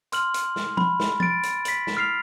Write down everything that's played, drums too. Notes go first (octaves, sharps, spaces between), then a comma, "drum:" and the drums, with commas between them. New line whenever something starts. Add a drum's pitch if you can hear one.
C6 F6 F#7, drum: hi-hat
drum: hi-hat
drum: snare
B5, drum: tom F3
drum: snare
A6 D7, drum: tom F3
drum: hi-hat
B6 F#7, drum: hi-hat
drum: snare
F6 C7 F7